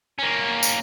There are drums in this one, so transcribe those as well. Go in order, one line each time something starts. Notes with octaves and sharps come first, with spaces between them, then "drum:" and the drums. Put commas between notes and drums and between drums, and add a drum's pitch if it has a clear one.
A#3 C#4
drum: tambourine